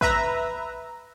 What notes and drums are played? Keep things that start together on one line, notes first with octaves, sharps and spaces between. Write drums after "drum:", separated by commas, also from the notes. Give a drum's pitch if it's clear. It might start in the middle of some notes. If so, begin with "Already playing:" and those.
B4 E5 A#5, drum: kick